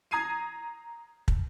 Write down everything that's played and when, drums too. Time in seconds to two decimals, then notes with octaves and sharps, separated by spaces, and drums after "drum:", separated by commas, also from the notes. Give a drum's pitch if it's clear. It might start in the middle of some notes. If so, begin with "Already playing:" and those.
0.11 A#5 D#6 G#6 C7 D#7
1.28 drum: kick